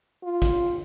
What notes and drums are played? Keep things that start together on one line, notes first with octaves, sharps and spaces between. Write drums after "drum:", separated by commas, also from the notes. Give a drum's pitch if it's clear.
F4
drum: kick, hi-hat